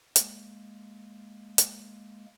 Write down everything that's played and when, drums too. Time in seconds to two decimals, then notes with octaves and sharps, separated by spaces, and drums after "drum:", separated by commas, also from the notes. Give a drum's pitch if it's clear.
0.16 G#3 A#3, drum: hi-hat
1.58 drum: hi-hat